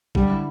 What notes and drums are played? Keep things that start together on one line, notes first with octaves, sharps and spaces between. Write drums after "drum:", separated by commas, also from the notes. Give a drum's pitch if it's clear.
D3 G3, drum: kick
E4